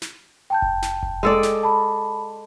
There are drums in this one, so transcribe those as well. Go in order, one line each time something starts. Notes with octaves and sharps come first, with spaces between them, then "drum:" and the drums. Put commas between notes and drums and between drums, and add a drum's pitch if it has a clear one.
drum: snare
G5 A5 G6
drum: kick F1
drum: snare
drum: kick F1
G#3 A4 D5
drum: snare
A5 B5